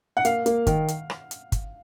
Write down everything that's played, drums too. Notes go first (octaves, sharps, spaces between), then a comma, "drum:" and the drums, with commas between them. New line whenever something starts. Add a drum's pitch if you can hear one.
F#5
A#3 F5, drum: hi-hat
A#3, drum: hi-hat
D#3, drum: kick, hi-hat
drum: hi-hat
drum: rim click
drum: hi-hat
drum: kick, hi-hat